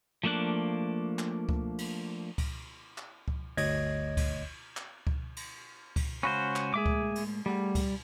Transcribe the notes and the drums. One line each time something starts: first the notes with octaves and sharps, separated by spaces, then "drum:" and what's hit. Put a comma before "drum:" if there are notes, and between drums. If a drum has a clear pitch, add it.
F3 A3 A#3 D4 F#6
drum: clap
drum: kick C#2
drum: cymbal
drum: kick C#2, cymbal
drum: clap
drum: kick C#2
G1 D2 C#5 D#5 G#6 A#6, drum: cymbal
drum: kick C#2, cymbal
drum: clap
drum: kick C#2
drum: cymbal
drum: kick C#2, cymbal
C#2 C#4 F#4 C5 F5 B5
drum: clap
A2 G#3 A#3 G#4 E5 D6
drum: kick C#2
drum: cymbal
G3 A3 G#4 F#5
drum: kick C#2, cymbal